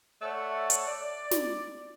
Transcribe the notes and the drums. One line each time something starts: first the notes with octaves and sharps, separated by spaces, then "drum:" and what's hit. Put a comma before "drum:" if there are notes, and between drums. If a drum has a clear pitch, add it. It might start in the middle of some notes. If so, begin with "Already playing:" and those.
A3 C#5 D5 E5 F#5 A5
drum: hi-hat
D5
drum: snare